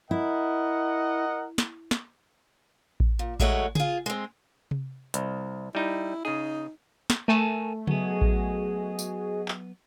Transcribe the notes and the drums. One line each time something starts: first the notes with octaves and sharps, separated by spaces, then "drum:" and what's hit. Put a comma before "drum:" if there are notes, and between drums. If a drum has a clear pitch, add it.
E4 A#4 D#5 F#5
drum: snare
drum: snare
drum: kick A1
A#2
D2 F#3 G#3 A3 C#5 F#5, drum: kick A1
F4 G#4, drum: tom C#3
G#3 C4
drum: tom C3
C2, drum: hi-hat
G3 D#4 E4
C#3 D#4 G#4
drum: snare
A3 A#4 G#5 A5
F#3 B3 F#4 G#4 D#5, drum: tom C#3
drum: kick A1
drum: tambourine
drum: clap